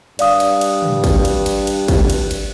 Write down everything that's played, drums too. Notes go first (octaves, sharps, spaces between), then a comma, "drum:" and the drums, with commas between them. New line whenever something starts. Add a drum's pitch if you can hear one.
G2 D5 F5 D#6, drum: cymbal
drum: cymbal
drum: cymbal
drum: tom
drum: kick, cymbal
drum: cymbal
drum: cymbal
drum: cymbal
drum: kick, cymbal
drum: cymbal
drum: cymbal